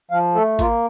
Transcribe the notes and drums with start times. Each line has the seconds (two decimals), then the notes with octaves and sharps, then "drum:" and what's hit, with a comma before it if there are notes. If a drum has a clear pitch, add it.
0.11 F3 F5
0.35 A3 A4
0.59 A#3 F4, drum: kick G#1, hi-hat